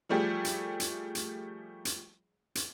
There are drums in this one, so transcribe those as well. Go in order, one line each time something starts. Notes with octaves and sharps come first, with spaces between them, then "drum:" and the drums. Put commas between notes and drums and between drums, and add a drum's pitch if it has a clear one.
F3 G3 A3 G4 G#4
drum: hi-hat
drum: hi-hat
drum: hi-hat
drum: hi-hat
drum: hi-hat